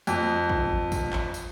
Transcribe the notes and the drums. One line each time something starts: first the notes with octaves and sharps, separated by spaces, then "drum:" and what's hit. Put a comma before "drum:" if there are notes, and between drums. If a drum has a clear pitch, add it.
F2, drum: tambourine
drum: kick
drum: kick, tambourine
drum: clap
drum: tambourine